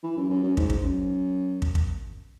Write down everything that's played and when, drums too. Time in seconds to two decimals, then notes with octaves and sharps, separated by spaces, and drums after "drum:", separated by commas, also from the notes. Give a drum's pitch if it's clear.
0.03 E3
0.17 F#2
0.30 F#2
0.43 F#2
0.57 G#2, drum: kick
0.70 drum: kick
0.83 F#2
1.62 drum: kick
1.75 drum: kick